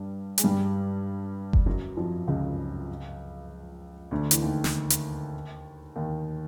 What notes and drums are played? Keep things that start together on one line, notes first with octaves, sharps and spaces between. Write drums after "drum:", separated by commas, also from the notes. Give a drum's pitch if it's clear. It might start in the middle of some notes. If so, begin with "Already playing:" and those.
Already playing: G2 G3
G#3, drum: hi-hat
G2 G3
drum: kick F#1
F#2 F#3
F2 F3
C#2 C#3
D2 D3
E3, drum: hi-hat
D#2 D#3
drum: snare
drum: hi-hat
D#2 D#3